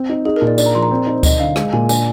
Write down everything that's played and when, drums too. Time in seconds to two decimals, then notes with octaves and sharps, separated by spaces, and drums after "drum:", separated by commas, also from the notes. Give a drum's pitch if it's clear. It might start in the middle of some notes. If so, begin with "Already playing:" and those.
Already playing: C4
0.09 D#4
0.25 D#4 G#4
0.36 A#4
0.42 A#2
0.47 D5
0.58 D4 D5, drum: tambourine
0.66 A#5
0.75 F3 C6
0.83 A#5
0.91 C4
1.07 D#4 C5
1.23 D#4 D#5, drum: kick D2, tambourine
1.40 D3 F5
1.56 G#3, drum: rim click
1.73 A#2 G#5
1.89 D4 G#5, drum: tambourine